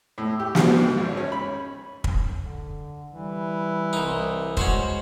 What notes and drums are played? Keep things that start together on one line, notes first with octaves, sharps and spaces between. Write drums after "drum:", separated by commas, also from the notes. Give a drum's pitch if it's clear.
A2
G4
G3, drum: snare
G#2
G#1
C#4
B5
drum: kick
D3
E3 G3
C2 D#4
G#3 C#4 F#4 C5, drum: kick